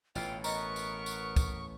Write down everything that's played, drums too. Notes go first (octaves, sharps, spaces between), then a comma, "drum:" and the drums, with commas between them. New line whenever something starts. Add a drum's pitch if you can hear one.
A1 B2 E3 F4 G5, drum: tambourine
B3 A#4 D#5 A#5 C#6, drum: tambourine
drum: tambourine
drum: tambourine
drum: kick, tambourine